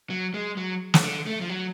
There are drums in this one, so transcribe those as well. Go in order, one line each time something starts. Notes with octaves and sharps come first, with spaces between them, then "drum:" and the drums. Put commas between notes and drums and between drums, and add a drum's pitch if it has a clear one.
F#3
G#3
F#3
drum: snare
D3
A3
F3
F#3